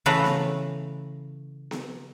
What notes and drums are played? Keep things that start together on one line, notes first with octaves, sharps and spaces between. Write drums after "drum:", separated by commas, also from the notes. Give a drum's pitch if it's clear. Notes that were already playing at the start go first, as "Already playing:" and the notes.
C#3 E3 A3 B4 F#5 A#5
drum: snare B3
drum: snare B3